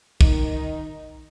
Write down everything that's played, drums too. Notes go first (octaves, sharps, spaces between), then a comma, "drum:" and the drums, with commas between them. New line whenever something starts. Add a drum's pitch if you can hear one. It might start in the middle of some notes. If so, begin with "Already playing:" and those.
D#3 D#4, drum: kick